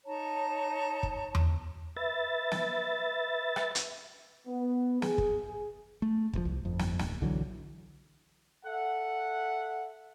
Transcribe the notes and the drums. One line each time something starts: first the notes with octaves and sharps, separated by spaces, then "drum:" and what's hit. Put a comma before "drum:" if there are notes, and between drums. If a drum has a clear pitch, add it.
D#4 C#5 A5 A#5
drum: kick
drum: tom E2
B4 E5 A6
drum: snare
drum: rim click
drum: hi-hat
B3
G#4, drum: snare
drum: kick
G#4
A3
E1 A2 F3, drum: kick
C2
G1 F2
drum: snare
D1, drum: snare
B1 D3 E3 F#3
A4 E5 F#5